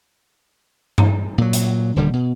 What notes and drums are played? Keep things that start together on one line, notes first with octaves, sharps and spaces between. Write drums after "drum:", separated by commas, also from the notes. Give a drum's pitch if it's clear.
drum: tom G2
A#2 F#3
drum: hi-hat
D#1 D2 D3 G3
B2